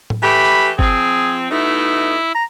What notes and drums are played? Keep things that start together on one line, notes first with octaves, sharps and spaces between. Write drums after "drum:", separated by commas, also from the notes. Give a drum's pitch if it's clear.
drum: tom A2
E3 A3 G4 B5
drum: tambourine
F3 C4 G#4, drum: kick G1
B2 A3 D#4 E4
A#5